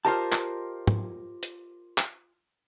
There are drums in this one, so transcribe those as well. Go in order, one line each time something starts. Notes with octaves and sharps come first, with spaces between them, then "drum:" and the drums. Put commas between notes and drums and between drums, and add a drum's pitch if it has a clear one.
F4 G4 A#4 C5 D#5 A5
drum: clap
drum: tom G#2
drum: hi-hat
drum: clap